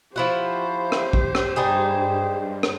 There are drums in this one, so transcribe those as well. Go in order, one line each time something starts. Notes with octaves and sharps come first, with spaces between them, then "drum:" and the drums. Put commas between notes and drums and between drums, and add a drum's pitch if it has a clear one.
F3 E4 F#4 G4 C5
drum: rim click
drum: kick
drum: rim click
G2 G3 D#4 G#4
drum: rim click